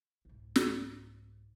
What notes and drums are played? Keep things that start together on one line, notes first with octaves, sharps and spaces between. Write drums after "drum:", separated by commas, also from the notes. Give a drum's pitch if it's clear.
C2 G#2
drum: snare